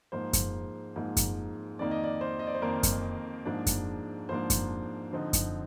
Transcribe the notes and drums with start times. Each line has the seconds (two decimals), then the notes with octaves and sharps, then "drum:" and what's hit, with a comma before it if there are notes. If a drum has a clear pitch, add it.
0.12 G#2 F3 A#3 C5
0.33 drum: kick F#2, hi-hat
0.96 G#2 F3 A#3
1.17 drum: kick F#2, hi-hat
1.79 F2 D#3 A#3 D#4 D5
1.91 D#5
2.04 D5
2.21 C5
2.39 D#5
2.47 D5
2.54 C5
2.62 F2 D#3 A#3 D#4 A#4
2.83 drum: kick F#2, hi-hat
3.45 G#2 F3 A#3 D4
3.66 drum: kick F#2, hi-hat
4.29 G#2 F3 A#3 D4 C5
4.50 drum: kick F#2, hi-hat
5.13 D3 F3 C4 D#4
5.33 drum: kick F#2, hi-hat